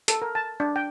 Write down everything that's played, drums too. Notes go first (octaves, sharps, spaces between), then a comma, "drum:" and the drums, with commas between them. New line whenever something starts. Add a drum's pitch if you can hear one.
A4, drum: hi-hat
A#4
A5
D4
G5